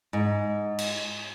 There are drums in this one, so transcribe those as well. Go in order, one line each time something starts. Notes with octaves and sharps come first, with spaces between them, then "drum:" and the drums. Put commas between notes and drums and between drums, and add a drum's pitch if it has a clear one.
G#2
drum: cymbal